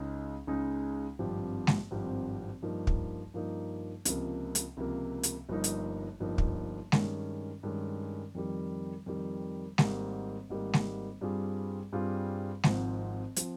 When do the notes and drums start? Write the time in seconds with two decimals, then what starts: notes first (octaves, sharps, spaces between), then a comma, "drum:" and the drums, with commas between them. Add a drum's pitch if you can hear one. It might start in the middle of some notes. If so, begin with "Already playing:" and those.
Already playing: C#2 C#3 G#3 D#4 G#4
0.47 C#2 C#3 G#3 D#4 G#4
1.19 G#1 G2 F3 C4 G4
1.67 drum: snare G#3
1.91 G#1 G2 F3 C4 G4
2.62 G2 F3 A#3 D#4
2.87 drum: kick
3.34 G2 F3 A#3 D#4
4.05 C#2 C3 F3 A#3, drum: hi-hat
4.55 drum: hi-hat
4.77 C#2 C3 F3 A#3
5.23 drum: hi-hat
5.49 G1 G2 F3 A#3 D#4
5.64 drum: hi-hat
6.20 G1 G2 F3 A#3 D#4
6.38 drum: kick
6.92 G2 D#3 G#3 C#4, drum: snare G#3
7.63 G2 D#3 G#3 C#4
8.35 F2 D#3 G3
9.06 F2 D#3 G3
9.78 G#1 G#2 G3 A#3, drum: snare G#3
10.49 G#1 G#2 G3 A#3
10.73 drum: snare G#3
11.21 G2 G3 C4 F4 G#4
11.93 G2 G3 C4 F4 G#4
12.64 G#1 G#2 F3 C4, drum: snare G#3
13.36 F3 C4, drum: hi-hat